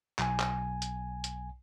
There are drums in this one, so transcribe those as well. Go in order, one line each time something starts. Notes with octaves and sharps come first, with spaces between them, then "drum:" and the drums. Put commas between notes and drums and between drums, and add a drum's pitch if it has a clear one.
B1 G#5, drum: clap
drum: clap
drum: hi-hat
drum: hi-hat